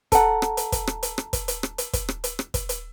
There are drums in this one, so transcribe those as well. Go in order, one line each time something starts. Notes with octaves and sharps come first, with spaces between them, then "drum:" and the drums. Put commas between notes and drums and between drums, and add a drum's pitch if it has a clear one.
A4 F#5 A5 A#5, drum: kick, hi-hat
drum: rim click
drum: hi-hat
drum: kick, hi-hat
drum: rim click
drum: hi-hat
drum: rim click
drum: kick, hi-hat
drum: hi-hat
drum: rim click
drum: hi-hat
drum: kick, hi-hat
drum: rim click
drum: hi-hat
drum: rim click
drum: kick, hi-hat
drum: hi-hat